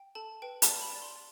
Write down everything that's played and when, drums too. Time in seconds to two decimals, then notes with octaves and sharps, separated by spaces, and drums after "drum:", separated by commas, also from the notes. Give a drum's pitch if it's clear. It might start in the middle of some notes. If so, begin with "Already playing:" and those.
Already playing: G5
0.15 A4 A5
0.42 B4 G5
0.62 A5, drum: hi-hat
0.68 D5
0.81 B5
0.95 D5
1.02 C6